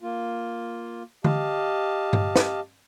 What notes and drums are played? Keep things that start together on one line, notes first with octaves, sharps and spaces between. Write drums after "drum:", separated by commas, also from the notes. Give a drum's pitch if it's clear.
A#3 F4
G4 D#5 F5 A5, drum: tom D3
drum: tom G2
drum: snare